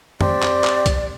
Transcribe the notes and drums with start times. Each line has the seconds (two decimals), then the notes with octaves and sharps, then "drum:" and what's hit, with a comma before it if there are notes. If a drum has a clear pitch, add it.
0.21 C4 G4 D5, drum: tom F2
0.42 drum: clap
0.64 drum: clap
0.86 drum: kick C2, hi-hat